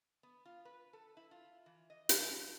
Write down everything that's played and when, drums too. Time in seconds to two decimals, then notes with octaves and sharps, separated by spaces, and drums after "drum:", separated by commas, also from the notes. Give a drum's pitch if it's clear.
0.23 B3
0.46 F4
0.65 B4
0.93 A4
1.17 E4
1.31 F4
1.66 E3
1.90 D#5
2.09 A4, drum: hi-hat
2.39 A3